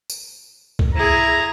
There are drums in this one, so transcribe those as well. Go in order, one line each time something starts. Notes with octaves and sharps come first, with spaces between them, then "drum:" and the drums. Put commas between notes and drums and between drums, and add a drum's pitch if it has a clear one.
drum: tambourine
drum: kick C2
E4 G#4 A#5